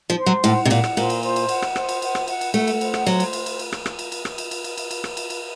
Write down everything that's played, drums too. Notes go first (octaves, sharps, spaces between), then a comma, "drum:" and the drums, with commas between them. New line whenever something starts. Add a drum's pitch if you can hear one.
F3
C5
F#3
A2 F#5, drum: cymbal
C3
A#2 F#5, drum: cymbal
drum: rim click
A#2 C5, drum: cymbal
drum: cymbal
C5, drum: cymbal
drum: cymbal
F#5, drum: cymbal
drum: rim click
C5, drum: rim click
drum: cymbal
F#5, drum: cymbal
drum: rim click
F#5, drum: cymbal
drum: cymbal
A3 F#5, drum: cymbal
drum: cymbal
C5, drum: cymbal
drum: rim click
F#3 C5, drum: cymbal
drum: cymbal
drum: cymbal
drum: cymbal
drum: cymbal
drum: rim click
drum: rim click
drum: cymbal
drum: cymbal
drum: rim click
drum: cymbal
drum: cymbal
drum: cymbal
drum: cymbal
drum: cymbal
drum: rim click
drum: cymbal
drum: cymbal